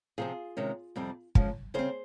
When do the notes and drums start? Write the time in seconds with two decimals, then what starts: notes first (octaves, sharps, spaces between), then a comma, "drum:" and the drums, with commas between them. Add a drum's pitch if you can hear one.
0.18 C3 F3 C4 F4 G#4
0.57 C3 D#3 G#3 C#4
0.96 F2 C3 G3 C4
1.35 G#2 F3 G#3 C#4, drum: kick
1.74 C#3 G3 C4 G#4 C5